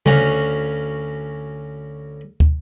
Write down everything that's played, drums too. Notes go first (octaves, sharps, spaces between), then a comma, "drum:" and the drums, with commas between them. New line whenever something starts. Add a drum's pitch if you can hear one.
D2 C#4 F#4 F5, drum: tom C#3
drum: kick